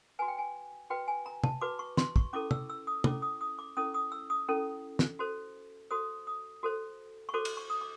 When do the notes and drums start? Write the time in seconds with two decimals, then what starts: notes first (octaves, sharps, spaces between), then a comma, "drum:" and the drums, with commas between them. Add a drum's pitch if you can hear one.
0.19 F#4 B4 G#5
0.28 G5
0.38 G#5
0.90 F#4 B4 G5
1.08 G#5
1.26 A#5
1.44 A5, drum: tom
1.61 F#4 B4 D6
1.79 C#6
1.97 C6, drum: snare
2.16 C#6, drum: kick
2.33 C#4 E4 A4 D6
2.51 E6, drum: tom
2.70 E6
2.87 D#6
3.04 C#4 E4 A4 D6, drum: tom
3.22 D#6
3.41 D#6
3.59 D6
3.77 C#4 E4 A4 D#6
3.94 D#6
4.12 E6
4.30 D#6
4.48 C#4 E4 A4
4.99 drum: snare
5.19 F#4 A4 C5
5.91 F#4 A4 C5 D#6
6.27 D#6
6.63 F#4 A4 C5
7.29 C#6
7.34 F#4 A4 C5 D6
7.45 drum: cymbal
7.57 C#6
7.70 D#6
7.81 D6